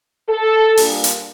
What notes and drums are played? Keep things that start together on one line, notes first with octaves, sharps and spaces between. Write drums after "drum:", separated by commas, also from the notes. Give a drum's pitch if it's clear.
A4
A#2 G3 D4, drum: open hi-hat
drum: hi-hat